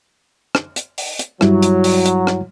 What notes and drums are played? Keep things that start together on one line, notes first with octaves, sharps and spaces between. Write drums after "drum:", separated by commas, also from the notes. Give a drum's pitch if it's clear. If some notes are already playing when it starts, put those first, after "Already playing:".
drum: rim click
drum: hi-hat
drum: open hi-hat
drum: hi-hat
G2 F#3 G3 E4, drum: rim click
drum: hi-hat
drum: open hi-hat
drum: hi-hat
drum: rim click